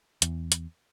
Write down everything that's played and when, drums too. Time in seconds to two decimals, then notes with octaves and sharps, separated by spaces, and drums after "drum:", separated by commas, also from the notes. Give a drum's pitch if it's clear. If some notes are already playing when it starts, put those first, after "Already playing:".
0.22 E2, drum: hi-hat
0.52 drum: hi-hat